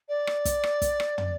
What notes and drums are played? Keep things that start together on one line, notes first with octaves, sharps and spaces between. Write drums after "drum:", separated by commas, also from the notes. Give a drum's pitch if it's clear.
D5
drum: rim click
drum: kick, hi-hat
drum: rim click
drum: kick, hi-hat
drum: rim click
drum: tom